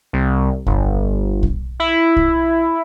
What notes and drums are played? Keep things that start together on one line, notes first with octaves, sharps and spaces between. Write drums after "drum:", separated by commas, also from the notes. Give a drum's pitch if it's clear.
C2
G1, drum: kick B1
drum: kick B1
E4
drum: kick B1